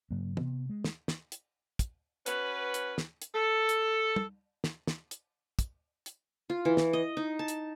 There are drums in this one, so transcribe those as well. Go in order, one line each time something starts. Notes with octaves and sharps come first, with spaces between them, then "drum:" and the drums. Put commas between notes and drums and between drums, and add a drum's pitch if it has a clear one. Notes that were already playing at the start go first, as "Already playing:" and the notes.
G2 C#3 F#3 A#3
C3 B3, drum: tom
G#3
drum: snare
drum: snare
drum: hi-hat
drum: kick, hi-hat
C#4 F#4 B4, drum: hi-hat
drum: hi-hat
drum: snare
drum: hi-hat
A4
drum: hi-hat
drum: tom
drum: snare
drum: snare
drum: hi-hat
drum: kick, hi-hat
drum: hi-hat
F4
E3
drum: snare
D#5
D#4
A5
drum: hi-hat